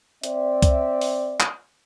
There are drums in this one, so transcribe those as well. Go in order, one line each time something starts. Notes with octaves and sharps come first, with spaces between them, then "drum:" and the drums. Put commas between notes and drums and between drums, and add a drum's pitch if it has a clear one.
C4 D5 E5, drum: hi-hat
drum: kick C2, hi-hat
drum: open hi-hat
drum: clap